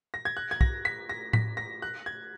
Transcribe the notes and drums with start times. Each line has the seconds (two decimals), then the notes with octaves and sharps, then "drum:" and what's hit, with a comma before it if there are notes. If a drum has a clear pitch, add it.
0.14 A#6
0.25 G#6
0.37 F#6
0.51 G#6
0.61 A#6, drum: kick
0.85 B6
1.09 A#6
1.33 B6, drum: tom A2
1.57 A#6
1.82 F#6
2.06 G#6